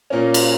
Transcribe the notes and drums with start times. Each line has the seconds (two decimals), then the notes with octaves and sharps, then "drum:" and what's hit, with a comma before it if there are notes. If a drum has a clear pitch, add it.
0.10 A#2 A#3 C#4
0.34 drum: cymbal